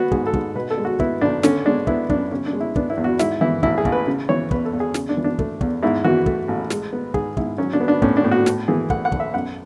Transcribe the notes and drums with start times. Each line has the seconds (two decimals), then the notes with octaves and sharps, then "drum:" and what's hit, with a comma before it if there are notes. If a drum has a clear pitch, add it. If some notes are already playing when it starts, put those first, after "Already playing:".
Already playing: B3 F#4
0.12 G#2 G#4, drum: kick
0.27 A4
0.33 G#2, drum: kick
0.55 B2 B4
0.70 A4
0.78 G#3
0.85 F#4
1.00 B3 E4, drum: kick
1.21 B1 D4
1.43 D3 C#4, drum: snare
1.65 G#3 D4
1.87 B3 E4, drum: kick
2.09 F#2 D4, drum: kick
2.31 C#3 C#4
2.46 D4
2.53 G#3
2.60 E4
2.76 B3 D4, drum: kick
2.90 E4
2.97 E2
3.04 F#4
3.19 G#2 E4, drum: snare
3.41 E3 E4
3.63 A1 E4, drum: kick
3.78 G#4
3.85 A1, drum: kick
3.92 B4
4.07 C#3
4.29 E3 C#5
4.51 E2 B4, drum: kick
4.65 A4
4.73 E2
4.80 G#4
4.94 C#3, drum: snare
5.09 D4
5.17 E3
5.24 D4
5.39 A3, drum: kick
5.61 E2, drum: kick
5.83 G#2 E4
6.04 E3 F#4
6.26 A3, drum: kick
6.48 A1
6.70 G#3, drum: snare
6.93 B3
7.14 G#2 G#4, drum: kick
7.37 G#2 E4, drum: kick
7.58 F#3 C#4
7.73 D4
7.80 B3
7.88 D4
8.02 A2 C#4, drum: kick
8.17 D4
8.24 A2
8.31 F#4
8.46 A2, drum: snare
8.68 E3 G#4
8.90 A3 F#5, drum: kick
9.05 F#5
9.12 B1, drum: kick
9.20 E5
9.34 F#2 F#5